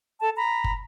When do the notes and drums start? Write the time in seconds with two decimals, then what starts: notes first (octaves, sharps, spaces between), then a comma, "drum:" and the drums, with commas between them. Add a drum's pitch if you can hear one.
0.20 A4 A5
0.35 A#5 B5
0.64 drum: kick